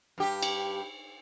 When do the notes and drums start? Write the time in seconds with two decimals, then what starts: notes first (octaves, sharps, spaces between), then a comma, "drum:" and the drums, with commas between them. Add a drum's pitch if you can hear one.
0.18 G2 G4
0.43 drum: cymbal